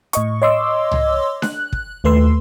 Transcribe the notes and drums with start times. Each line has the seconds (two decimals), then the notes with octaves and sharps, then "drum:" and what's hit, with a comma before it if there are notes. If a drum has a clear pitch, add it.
0.13 A2 D#5 C#6, drum: hi-hat
0.42 C#5 D#5 C6 D6 E6
0.91 drum: tom C2
1.42 F#6, drum: snare D4
1.73 drum: kick
2.04 D#2 A3 B4 C6 E6